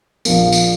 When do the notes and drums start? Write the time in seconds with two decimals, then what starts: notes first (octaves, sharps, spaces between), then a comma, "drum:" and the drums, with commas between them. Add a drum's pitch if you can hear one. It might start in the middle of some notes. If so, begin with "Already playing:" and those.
0.25 A#1 A#2 F3 A#3, drum: tambourine
0.52 drum: tambourine